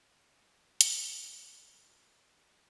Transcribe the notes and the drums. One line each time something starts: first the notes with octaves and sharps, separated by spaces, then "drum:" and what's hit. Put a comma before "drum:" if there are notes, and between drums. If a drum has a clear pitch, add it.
C4 E4 A4 C5
E6, drum: hi-hat
G3 A3 F#4 C5 C#5 F5
B3 D4 E4 A4
F#4 A4 C5 D5 D#5 G5
D2 G2 F3 F#3 C#4